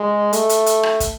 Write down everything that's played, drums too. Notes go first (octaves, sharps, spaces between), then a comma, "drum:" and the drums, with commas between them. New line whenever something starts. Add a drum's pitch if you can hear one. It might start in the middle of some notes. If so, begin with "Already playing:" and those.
Already playing: G#3
A3, drum: hi-hat
drum: hi-hat
drum: hi-hat
drum: rim click
drum: kick, hi-hat